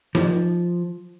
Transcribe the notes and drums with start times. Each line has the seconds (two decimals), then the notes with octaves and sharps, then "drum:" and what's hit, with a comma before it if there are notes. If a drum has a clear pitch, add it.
0.15 F3, drum: snare D#4